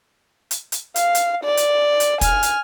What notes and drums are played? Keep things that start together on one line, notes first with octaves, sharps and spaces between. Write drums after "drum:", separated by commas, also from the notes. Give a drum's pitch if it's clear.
drum: hi-hat
drum: hi-hat
F5, drum: hi-hat
drum: hi-hat
D5
drum: hi-hat
drum: hi-hat
G#5 F6, drum: kick, hi-hat
drum: hi-hat